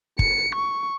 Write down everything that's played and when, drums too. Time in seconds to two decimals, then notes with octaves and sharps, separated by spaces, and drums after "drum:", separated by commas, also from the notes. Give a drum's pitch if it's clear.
0.19 C#7, drum: kick
0.55 C#6